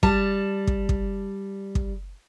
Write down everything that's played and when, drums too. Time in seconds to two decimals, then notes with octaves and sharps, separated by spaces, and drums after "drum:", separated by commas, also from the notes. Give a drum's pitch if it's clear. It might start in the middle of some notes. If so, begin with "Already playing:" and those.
0.03 G3 A5, drum: kick
0.67 drum: kick
0.89 drum: kick
1.75 drum: kick